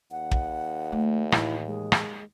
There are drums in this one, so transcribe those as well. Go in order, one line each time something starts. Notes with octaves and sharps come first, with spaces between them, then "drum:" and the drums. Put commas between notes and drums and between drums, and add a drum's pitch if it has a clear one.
D#2 F#5
drum: kick
A3
A2 E3 E4, drum: rim click
G#3
drum: rim click